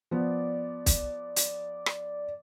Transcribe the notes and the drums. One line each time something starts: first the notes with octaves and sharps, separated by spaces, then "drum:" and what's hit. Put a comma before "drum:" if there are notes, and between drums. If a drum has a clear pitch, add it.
F3 B3 D5
drum: kick, hi-hat
drum: hi-hat
drum: rim click